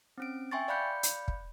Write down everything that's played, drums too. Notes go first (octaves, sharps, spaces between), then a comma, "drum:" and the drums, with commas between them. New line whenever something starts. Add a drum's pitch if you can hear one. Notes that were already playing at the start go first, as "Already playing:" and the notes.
C4 C#4 D7
E5 G5 G#5 C6 C#6 A6
D5 F5 B5 F#6 G6 C#7
drum: hi-hat
drum: kick